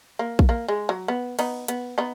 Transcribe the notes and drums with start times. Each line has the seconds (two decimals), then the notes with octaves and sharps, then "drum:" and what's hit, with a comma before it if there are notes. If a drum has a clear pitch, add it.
0.19 A#3
0.39 drum: kick A#1
0.49 A#3
0.68 G#3
0.89 F#3
1.08 B3
1.39 B3 D#4, drum: cymbal
1.68 B3, drum: hi-hat
1.98 B3 D#4